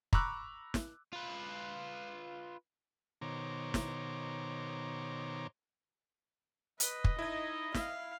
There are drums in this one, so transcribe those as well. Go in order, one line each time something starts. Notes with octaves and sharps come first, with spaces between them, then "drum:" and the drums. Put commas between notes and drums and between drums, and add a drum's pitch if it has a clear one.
A#5 B5 C#6 D6 E6 F#6, drum: kick
drum: snare
F4 B4
B2 D#3 C5 C#5 A#5 D6
drum: snare
B4 D#5, drum: hi-hat
drum: kick
D#4 E4 G#6
F5, drum: snare